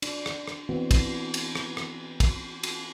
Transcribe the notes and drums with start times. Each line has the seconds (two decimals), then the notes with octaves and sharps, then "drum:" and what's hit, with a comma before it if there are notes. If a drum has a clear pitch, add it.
0.02 D4, drum: cymbal
0.26 drum: rim click
0.47 drum: rim click
0.69 E3 B3 C4 F#4
0.91 drum: kick, cymbal
1.34 drum: cymbal
1.55 drum: rim click
1.77 drum: rim click
2.20 drum: kick, cymbal
2.63 drum: cymbal